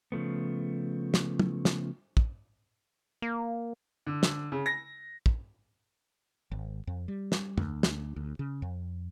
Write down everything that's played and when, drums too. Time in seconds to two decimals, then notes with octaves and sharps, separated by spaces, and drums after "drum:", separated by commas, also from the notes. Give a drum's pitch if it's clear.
0.12 C#3 F3 A3 B3
1.14 drum: snare
1.39 drum: tom
1.65 drum: snare
2.17 drum: kick
3.22 A#3
4.07 D3
4.23 drum: snare
4.52 C#3
4.66 A#6
5.26 drum: kick
6.52 G#1
6.87 F2
7.08 G3
7.32 drum: snare
7.58 D2, drum: tom
7.83 drum: snare
8.16 D2
8.39 C#3
8.62 F2